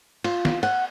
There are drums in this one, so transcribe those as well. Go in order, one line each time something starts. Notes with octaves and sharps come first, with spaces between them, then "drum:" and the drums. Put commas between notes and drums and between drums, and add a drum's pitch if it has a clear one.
F4, drum: cymbal
drum: snare
F#5, drum: cymbal